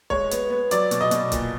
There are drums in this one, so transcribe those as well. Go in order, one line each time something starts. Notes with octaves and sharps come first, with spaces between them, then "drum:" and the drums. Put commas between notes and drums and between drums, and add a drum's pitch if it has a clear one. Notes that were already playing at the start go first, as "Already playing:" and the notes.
G#3 C#5, drum: kick
B3, drum: hi-hat
B3
F#3 D5, drum: hi-hat
B2, drum: hi-hat
D#5
B2, drum: hi-hat
A#2, drum: kick, hi-hat